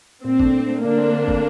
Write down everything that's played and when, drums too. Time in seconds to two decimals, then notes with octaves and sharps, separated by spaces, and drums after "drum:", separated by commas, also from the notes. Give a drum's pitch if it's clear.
0.24 A#2 C4
0.40 A3 D4, drum: kick
0.54 A#2
0.69 A3 D4
0.83 D3 A#3 D4
0.98 A3 C4
1.14 D3
1.28 A3 C4, drum: kick